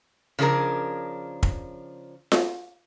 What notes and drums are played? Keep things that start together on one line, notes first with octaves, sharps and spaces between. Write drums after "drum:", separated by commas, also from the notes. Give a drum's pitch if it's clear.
C#3 F3 D4 G#4 A#4
drum: kick
drum: snare F4